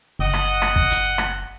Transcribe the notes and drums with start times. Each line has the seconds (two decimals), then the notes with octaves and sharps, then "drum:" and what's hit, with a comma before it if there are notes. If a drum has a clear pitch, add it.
0.19 F#1 D#5 F#5
0.34 drum: rim click
0.62 drum: rim click
0.76 drum: kick
0.90 drum: hi-hat
1.18 drum: rim click